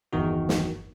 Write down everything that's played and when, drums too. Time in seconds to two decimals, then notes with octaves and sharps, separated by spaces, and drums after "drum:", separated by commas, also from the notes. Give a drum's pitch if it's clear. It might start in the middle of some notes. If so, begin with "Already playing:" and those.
0.13 G1 E2 D#3 F#4
0.49 drum: snare